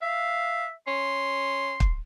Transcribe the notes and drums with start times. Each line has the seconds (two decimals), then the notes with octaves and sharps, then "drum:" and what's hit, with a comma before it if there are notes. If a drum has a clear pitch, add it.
0.02 E5 F5
0.87 C#4 C6
1.80 drum: kick